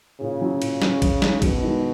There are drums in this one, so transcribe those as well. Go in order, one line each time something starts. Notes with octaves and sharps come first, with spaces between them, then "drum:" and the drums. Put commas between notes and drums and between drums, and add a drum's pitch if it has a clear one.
A#2 C#3
F#3 C#4
A#2, drum: cymbal
F#3 C#4, drum: snare
F#2, drum: kick, cymbal
D#3 G#3, drum: snare
F#2 B2, drum: kick, cymbal
D#3 G#3